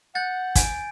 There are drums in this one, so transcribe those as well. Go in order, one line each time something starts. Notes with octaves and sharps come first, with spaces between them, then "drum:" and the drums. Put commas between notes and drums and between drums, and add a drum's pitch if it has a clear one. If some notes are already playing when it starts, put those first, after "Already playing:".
F#5 G6 A6
G#5 G#6 D7, drum: kick, hi-hat